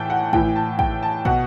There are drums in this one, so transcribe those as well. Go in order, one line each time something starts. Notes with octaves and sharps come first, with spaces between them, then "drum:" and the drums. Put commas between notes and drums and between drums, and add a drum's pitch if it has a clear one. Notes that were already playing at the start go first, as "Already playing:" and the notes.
Already playing: A2 E3 G5 A5
F#5
A2 E3 G5, drum: kick
A5
G5, drum: kick
A5
B2 F#5, drum: kick